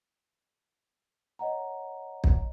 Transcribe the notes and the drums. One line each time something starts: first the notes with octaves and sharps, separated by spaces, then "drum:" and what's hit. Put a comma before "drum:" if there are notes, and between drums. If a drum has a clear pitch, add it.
C#5 D#5 F#5 A#5
drum: kick